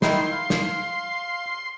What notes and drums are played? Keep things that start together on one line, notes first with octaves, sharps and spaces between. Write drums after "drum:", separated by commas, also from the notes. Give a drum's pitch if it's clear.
D#3 D#4 E4 C6, drum: snare
F5
drum: snare